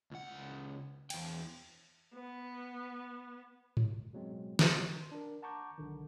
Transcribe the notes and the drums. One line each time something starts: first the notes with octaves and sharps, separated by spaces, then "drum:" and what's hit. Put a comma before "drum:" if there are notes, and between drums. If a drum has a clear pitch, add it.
C#2 F#5
E2 G5, drum: cymbal
B3
drum: tom G#2
B2 F#3 G#3 C4
E3 C6, drum: snare
D4 A#4
F#5 A5 A#5 C#6 D6 G6
B1 D3 D#3